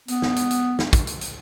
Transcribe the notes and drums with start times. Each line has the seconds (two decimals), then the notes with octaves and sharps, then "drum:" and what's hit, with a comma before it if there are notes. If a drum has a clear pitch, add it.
0.08 B3, drum: hi-hat
0.22 drum: snare
0.36 drum: hi-hat
0.51 drum: hi-hat
0.79 drum: snare
0.93 drum: kick, hi-hat
1.07 drum: hi-hat
1.21 drum: hi-hat